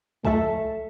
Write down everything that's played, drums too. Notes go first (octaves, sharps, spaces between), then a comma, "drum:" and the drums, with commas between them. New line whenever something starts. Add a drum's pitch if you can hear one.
A3 A4 E5 A5, drum: kick